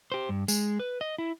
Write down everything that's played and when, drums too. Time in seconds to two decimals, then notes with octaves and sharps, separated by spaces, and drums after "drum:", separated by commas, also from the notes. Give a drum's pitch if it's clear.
0.12 G4 C5
0.29 G2
0.48 G#3, drum: tambourine
0.80 B4
1.01 D#5
1.18 E4